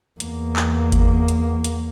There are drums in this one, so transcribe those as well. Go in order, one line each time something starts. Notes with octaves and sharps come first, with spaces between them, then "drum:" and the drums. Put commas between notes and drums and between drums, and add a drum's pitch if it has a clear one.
E2 A#3, drum: hi-hat
drum: clap
drum: kick G1, hi-hat
drum: hi-hat
drum: hi-hat